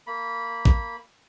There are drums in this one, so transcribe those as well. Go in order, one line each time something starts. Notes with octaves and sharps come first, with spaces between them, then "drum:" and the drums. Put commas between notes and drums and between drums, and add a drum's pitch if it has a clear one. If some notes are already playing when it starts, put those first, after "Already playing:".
A#3 B5
drum: kick